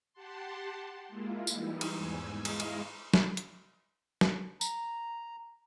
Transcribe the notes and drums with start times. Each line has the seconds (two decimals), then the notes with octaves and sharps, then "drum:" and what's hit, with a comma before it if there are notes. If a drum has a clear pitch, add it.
0.13 G4 F#5 A5 C6
1.08 G#3 A#3 E4 F4
1.47 E3 G3 D#4 E4, drum: tambourine
1.81 drum: cymbal
1.92 E2 G#2 G#5 E6
2.45 G#3 E4 D#5 F5, drum: cymbal
2.60 drum: cymbal
3.14 drum: snare
3.37 drum: hi-hat
4.21 drum: snare
4.61 A#5, drum: tambourine